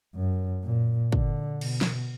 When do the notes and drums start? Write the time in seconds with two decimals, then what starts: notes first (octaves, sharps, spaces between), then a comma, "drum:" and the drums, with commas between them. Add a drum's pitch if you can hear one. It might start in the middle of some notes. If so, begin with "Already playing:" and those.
0.15 F#2
0.64 A#2
1.12 D3, drum: kick
1.61 B2, drum: cymbal
1.81 drum: snare